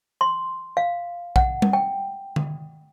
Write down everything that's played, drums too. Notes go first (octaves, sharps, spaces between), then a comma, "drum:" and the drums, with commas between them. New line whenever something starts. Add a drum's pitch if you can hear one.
C6
F5
F#5, drum: kick A#1
drum: tom G3
G5
drum: tom D3